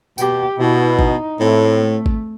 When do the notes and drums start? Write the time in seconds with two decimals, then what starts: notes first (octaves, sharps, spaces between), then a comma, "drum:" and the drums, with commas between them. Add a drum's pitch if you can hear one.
0.18 B2 G4, drum: tambourine
0.58 B2 E4
0.99 D#4, drum: kick G#1
1.39 A2 C4
1.80 A3
2.06 drum: kick G#1